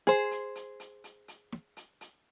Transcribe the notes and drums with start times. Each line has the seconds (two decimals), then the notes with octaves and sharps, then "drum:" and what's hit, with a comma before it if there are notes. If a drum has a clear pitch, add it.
0.07 G#4 C5, drum: snare
0.31 drum: hi-hat
0.55 drum: hi-hat
0.80 drum: hi-hat
1.04 drum: hi-hat
1.28 drum: hi-hat
1.52 drum: snare
1.77 drum: hi-hat
2.01 drum: hi-hat